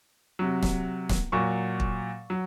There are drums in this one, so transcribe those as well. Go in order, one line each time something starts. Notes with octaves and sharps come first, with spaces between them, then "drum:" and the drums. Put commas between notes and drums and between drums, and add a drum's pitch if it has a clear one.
C3 F#3
drum: snare
drum: snare
A#2 F#3 C#6
drum: kick
F#3